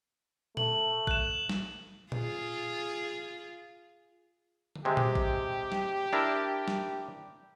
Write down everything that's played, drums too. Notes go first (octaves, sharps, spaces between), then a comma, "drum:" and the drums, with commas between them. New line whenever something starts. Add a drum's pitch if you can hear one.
A3 F#7, drum: tom A#2
F#6 E7, drum: kick A1
drum: snare
F4 G#4, drum: tom A#2
drum: tom
C3 G#3 G4
drum: tom A#2
drum: kick A1
drum: snare
D4 E4 A#4
drum: snare